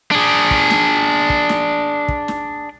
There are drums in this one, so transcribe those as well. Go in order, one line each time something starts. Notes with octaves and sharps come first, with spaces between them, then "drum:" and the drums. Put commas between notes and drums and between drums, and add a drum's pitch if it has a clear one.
D4 G#4
drum: kick
drum: snare
drum: kick
drum: snare
drum: kick
drum: snare